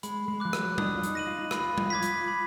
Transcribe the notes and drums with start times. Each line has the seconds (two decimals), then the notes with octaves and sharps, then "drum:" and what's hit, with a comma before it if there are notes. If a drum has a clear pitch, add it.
0.03 G#3 B5, drum: hi-hat
0.28 G#3
0.40 F3 D6 F#6
0.53 F#3, drum: rim click
0.78 D4 D#6, drum: tom G3
0.98 F4
1.03 D#4, drum: hi-hat
1.15 A#6 D#7 F#7
1.27 F4
1.39 D#4
1.51 F4 B5, drum: rim click
1.78 drum: tom G3
1.90 D6 G#6 B6
2.03 drum: hi-hat
2.28 B5